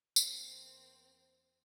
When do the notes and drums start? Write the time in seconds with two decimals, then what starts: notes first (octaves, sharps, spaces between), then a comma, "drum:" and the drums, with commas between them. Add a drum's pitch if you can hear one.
0.16 E2 A#3 C4, drum: tambourine